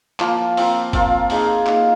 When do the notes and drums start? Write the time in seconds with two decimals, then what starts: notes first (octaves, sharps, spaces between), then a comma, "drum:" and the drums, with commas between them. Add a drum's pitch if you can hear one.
0.20 F3 A#3 F4, drum: clap
0.57 C4 F4 A#4, drum: open hi-hat
0.93 C4 F4 A#4, drum: kick F#1, hi-hat
1.30 A#3 D#4 G#4, drum: open hi-hat
1.67 A#3 D#4 G#4, drum: clap